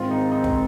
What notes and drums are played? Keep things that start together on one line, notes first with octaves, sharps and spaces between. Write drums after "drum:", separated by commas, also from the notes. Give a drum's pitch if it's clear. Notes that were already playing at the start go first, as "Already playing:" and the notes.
Already playing: G#2 D#3 C4 F4
D#4
D#4
drum: kick